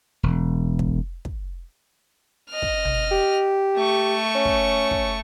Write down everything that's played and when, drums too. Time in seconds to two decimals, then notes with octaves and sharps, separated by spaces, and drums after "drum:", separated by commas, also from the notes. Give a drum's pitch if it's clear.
0.23 E1
0.79 drum: kick
1.25 drum: kick
2.50 D#5 F6
2.62 drum: kick
2.85 drum: tom
3.11 G4
3.77 A3 C#6
4.35 C#4
4.45 drum: kick
4.91 drum: kick